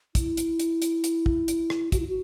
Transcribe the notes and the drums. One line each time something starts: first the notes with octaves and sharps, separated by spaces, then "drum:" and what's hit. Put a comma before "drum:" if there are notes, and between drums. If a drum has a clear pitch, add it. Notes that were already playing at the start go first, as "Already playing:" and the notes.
E4, drum: kick, hi-hat
drum: hi-hat
drum: hi-hat
drum: hi-hat
drum: hi-hat
drum: kick
drum: hi-hat
drum: rim click
F#4, drum: kick, hi-hat
E4
F#4